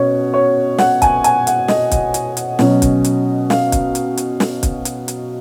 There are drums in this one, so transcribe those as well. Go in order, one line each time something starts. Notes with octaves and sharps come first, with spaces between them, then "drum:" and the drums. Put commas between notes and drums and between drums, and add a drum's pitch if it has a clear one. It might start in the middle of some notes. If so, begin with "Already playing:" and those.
Already playing: B2 C#4 C#5
C#5
F#5, drum: snare
G#5, drum: kick, hi-hat
G#5, drum: hi-hat
F#5, drum: hi-hat
D#5, drum: snare
drum: kick, hi-hat
drum: hi-hat
drum: hi-hat
B2 F#3 C#4, drum: snare
drum: kick, hi-hat
drum: hi-hat
F5, drum: snare
drum: kick, hi-hat
drum: hi-hat
drum: hi-hat
drum: snare
drum: kick, hi-hat
drum: hi-hat
drum: hi-hat